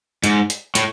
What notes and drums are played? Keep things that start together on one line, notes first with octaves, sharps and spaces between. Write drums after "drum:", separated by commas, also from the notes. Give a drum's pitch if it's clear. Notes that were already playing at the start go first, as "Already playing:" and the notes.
G#2, drum: hi-hat
drum: hi-hat
A2, drum: hi-hat